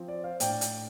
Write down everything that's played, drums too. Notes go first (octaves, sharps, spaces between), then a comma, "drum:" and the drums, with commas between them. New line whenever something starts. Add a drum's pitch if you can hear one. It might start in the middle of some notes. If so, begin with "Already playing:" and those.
Already playing: F3 C4
D5
C5 F5
A2 A3 D4 D5 G5, drum: hi-hat
drum: hi-hat